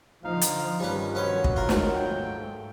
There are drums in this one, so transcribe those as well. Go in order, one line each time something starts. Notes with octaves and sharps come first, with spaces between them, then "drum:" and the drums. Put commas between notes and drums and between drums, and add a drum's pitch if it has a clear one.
D3 F3 D#4 F5
drum: hi-hat
G2 D#3 F3 G3 A#3 C#4 B4
F#3 C#4 B4 C#5 C6
drum: kick
D#3 F4 A#4 F#5
drum: snare
G#2 A3 G5